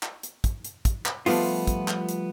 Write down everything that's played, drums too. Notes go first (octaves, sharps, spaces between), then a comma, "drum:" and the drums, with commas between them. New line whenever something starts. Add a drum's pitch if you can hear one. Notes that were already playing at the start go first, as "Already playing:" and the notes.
drum: clap
drum: hi-hat
drum: kick, hi-hat
drum: hi-hat
drum: kick, hi-hat
drum: clap
F3 G3 A3 B3 F4, drum: open hi-hat
drum: kick, hi-hat
drum: clap
drum: hi-hat